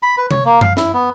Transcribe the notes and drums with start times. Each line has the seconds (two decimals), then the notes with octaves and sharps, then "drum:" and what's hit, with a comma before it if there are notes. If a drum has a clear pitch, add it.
0.03 B5
0.18 B4
0.31 C#5, drum: tom
0.45 A#3
0.61 F5, drum: tom F#2
0.77 E4, drum: snare
0.94 B3